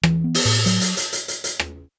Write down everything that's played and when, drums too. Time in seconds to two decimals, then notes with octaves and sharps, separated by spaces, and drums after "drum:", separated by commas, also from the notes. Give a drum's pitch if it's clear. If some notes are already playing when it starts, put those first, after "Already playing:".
0.03 E3, drum: rim click
0.24 B3
0.34 drum: open hi-hat
0.45 A2
0.66 F#3, drum: hi-hat
0.81 drum: hi-hat
0.97 drum: hi-hat
1.13 drum: hi-hat
1.28 drum: hi-hat
1.44 drum: hi-hat
1.59 drum: rim click